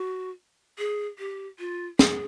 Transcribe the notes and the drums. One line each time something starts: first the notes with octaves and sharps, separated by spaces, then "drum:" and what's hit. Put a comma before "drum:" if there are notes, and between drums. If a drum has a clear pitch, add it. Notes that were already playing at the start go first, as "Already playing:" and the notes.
Already playing: F#4
G#4
G4
F4
G#4, drum: snare